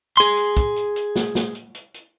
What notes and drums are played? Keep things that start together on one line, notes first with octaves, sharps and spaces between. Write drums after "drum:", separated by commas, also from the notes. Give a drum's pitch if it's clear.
G#4 C6, drum: hi-hat
drum: hi-hat
drum: kick, hi-hat
drum: hi-hat
drum: hi-hat
drum: snare
drum: snare
drum: hi-hat
drum: hi-hat
drum: hi-hat